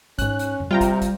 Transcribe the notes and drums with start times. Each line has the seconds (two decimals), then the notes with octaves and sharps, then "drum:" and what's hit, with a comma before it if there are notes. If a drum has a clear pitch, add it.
0.19 G#2 C#4 F#6, drum: kick, hi-hat
0.39 drum: hi-hat
0.60 drum: tom F2
0.71 C3 G3 F4 G5 A#5
0.81 drum: kick, hi-hat
1.02 drum: kick, hi-hat